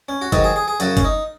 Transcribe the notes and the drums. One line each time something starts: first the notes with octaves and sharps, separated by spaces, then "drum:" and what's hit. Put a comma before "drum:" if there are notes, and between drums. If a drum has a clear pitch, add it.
C#4
F#4
G#2 D#3 F#3 D#4, drum: kick, hi-hat
G#4
G#4
G#4
F#2 C#3 F#3 F#4, drum: hi-hat
C#4, drum: kick, hi-hat
D#4